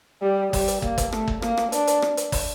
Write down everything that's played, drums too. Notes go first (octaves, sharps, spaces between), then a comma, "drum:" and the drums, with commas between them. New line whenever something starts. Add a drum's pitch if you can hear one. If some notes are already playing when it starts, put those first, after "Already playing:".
G3
G3, drum: kick, open hi-hat
drum: hi-hat
A#3, drum: kick
drum: kick, hi-hat
A3, drum: rim click
drum: kick
A#3, drum: rim click
drum: rim click
D4, drum: hi-hat
drum: hi-hat
drum: rim click
drum: hi-hat
drum: kick, open hi-hat